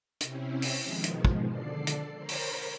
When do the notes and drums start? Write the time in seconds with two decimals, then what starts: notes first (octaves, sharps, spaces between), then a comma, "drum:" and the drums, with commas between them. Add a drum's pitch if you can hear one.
0.20 C3 C4 C#4 E4, drum: hi-hat
0.62 drum: open hi-hat
0.83 B2 D#3 F3 G#3
1.04 drum: hi-hat
1.25 drum: kick
1.49 D3 A4 D5 C7
1.87 drum: hi-hat
2.16 A#4 C5 C#5 A#5 B5
2.29 drum: open hi-hat